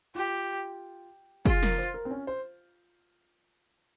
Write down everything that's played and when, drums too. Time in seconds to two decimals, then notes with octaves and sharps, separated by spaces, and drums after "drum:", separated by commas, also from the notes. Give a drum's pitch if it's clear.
0.15 F4 G4
1.45 F4 G#4, drum: kick
1.63 A#4, drum: snare
1.78 C5
1.94 A#4
2.05 C4
2.11 C#4
2.27 C5